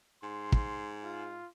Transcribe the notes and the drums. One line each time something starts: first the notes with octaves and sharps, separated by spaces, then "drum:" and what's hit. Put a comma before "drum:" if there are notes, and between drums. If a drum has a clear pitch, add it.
G#2 C6
drum: kick
F4